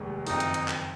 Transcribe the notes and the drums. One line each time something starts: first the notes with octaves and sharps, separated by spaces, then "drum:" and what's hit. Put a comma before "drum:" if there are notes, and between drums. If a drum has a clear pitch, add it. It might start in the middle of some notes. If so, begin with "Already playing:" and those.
Already playing: F1 D#2 G#3
F#1 F2 D#3 D#4, drum: open hi-hat
drum: hi-hat
drum: hi-hat
drum: clap